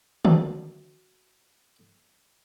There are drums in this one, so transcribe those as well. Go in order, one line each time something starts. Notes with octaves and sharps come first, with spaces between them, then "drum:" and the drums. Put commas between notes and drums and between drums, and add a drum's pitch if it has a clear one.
C3 F3 D4 F#4, drum: tom D3